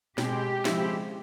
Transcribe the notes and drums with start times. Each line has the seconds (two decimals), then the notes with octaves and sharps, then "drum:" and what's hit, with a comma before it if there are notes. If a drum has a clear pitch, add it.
0.18 B2 G#3 C4 G4, drum: snare
0.65 C#3 F3 G#3 C4 E4, drum: snare